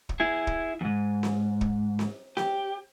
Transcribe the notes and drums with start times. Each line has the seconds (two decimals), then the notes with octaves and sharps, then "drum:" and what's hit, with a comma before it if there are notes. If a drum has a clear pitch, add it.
0.09 drum: kick
0.20 E4 G#4
0.47 drum: kick
0.81 E2 G#2
1.23 drum: snare C4
1.61 drum: kick
1.99 drum: snare C4
2.37 G4, drum: snare C4